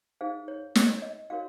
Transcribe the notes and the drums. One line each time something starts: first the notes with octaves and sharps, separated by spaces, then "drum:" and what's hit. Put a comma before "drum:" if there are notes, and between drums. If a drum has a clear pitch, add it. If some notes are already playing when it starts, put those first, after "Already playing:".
D#4 G#4 C5 F5
C#5
C#5, drum: snare
C#5
D#5
D#4 F#4 A#4 C#5 F5